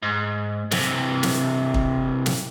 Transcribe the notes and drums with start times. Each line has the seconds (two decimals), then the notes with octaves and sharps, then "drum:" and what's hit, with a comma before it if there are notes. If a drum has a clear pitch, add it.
0.02 G#2
0.71 C3 E3, drum: snare
1.23 drum: snare
1.74 drum: kick
2.26 drum: snare